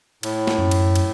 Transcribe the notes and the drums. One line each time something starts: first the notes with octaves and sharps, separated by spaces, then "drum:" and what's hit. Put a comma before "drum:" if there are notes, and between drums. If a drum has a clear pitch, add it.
A2, drum: cymbal
drum: snare
F#2
drum: cymbal
drum: cymbal